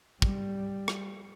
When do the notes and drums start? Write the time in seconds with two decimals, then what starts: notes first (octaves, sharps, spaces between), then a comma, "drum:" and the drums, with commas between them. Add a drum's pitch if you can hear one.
0.22 G3, drum: kick
0.88 drum: rim click